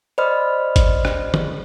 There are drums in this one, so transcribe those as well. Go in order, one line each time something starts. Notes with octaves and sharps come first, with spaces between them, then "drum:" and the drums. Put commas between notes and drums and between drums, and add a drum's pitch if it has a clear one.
C5 D5 D#5 B5 F6
drum: kick G#1, hi-hat
drum: rim click
drum: tom